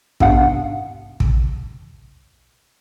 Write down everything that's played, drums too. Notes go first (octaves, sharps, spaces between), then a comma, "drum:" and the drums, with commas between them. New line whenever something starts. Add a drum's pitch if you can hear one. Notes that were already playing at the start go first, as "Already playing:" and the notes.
G#2 C3 B3 D4 F5 F#5, drum: kick
drum: kick